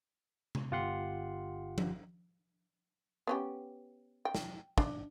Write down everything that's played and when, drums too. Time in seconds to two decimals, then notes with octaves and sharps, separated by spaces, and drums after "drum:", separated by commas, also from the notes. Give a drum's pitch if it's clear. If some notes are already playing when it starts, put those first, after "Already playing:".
0.55 drum: tom C3
0.71 G1 F4 G4 F#5 C6 F#6
1.78 drum: tom F3
3.27 B3 C#4 G4
4.25 G5
4.35 drum: snare
4.78 D4, drum: kick